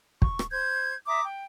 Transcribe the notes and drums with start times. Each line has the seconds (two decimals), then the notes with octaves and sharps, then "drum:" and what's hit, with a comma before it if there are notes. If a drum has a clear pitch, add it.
0.22 C#6, drum: kick
0.39 drum: rim click
0.51 C5 G6 G#6
1.07 E5 A#5 D6 D#6
1.24 G5